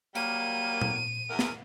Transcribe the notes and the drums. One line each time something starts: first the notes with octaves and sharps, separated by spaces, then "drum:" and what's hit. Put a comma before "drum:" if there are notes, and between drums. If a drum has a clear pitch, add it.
F#3 G3 A#3 D#7, drum: tambourine
drum: tom A#2
E2 A#4
drum: snare